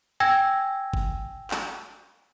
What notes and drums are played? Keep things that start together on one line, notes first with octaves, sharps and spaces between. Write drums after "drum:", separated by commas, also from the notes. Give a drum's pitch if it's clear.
G5 G#5 E6 G#6 A#6
drum: kick G1
drum: clap